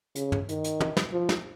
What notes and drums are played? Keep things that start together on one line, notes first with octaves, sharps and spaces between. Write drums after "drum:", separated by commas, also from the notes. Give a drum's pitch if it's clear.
C#3, drum: hi-hat
drum: tom
D#3, drum: hi-hat
drum: hi-hat
drum: tom
drum: snare
F3
drum: snare